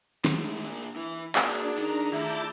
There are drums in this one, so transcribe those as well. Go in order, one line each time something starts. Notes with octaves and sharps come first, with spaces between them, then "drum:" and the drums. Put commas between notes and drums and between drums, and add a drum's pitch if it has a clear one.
A2 G#3, drum: snare
A#2 D4
E3
A#3 D4 F#4 G#4, drum: clap
D#3 A#5, drum: open hi-hat
D#3 A3 E4 F4 E5 A5 D6 G6